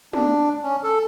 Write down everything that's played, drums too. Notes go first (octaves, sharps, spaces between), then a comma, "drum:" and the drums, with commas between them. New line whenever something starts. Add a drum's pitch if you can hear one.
D4, drum: tom
C#4
A4